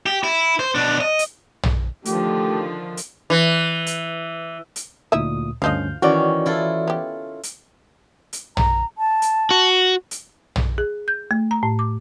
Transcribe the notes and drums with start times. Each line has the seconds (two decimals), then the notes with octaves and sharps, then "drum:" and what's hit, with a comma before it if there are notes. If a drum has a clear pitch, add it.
0.06 G4
0.24 E4
0.59 C5
0.75 B2 D4
1.01 D#5
1.19 drum: hi-hat
1.63 drum: tom
2.05 D3 D#3 F3 A3 G4, drum: hi-hat
2.97 drum: hi-hat
3.30 E3
3.87 drum: hi-hat
4.76 drum: hi-hat
5.12 D2 A#2 D#4 E4 E5 D#6
5.62 D2 G2 D3 F3 C#4 D#5 F5 G6
6.02 D#3 E3 C#4 F#4 D5
6.46 E4 F4 A4
6.88 B3 G4
7.43 drum: hi-hat
8.33 drum: hi-hat
8.57 A#5, drum: tom
8.98 A5
9.22 drum: hi-hat
9.51 F#4
10.11 drum: hi-hat
10.56 drum: tom
10.78 G#4
11.08 G6
11.31 A3
11.51 A#5
11.63 A2
11.79 D6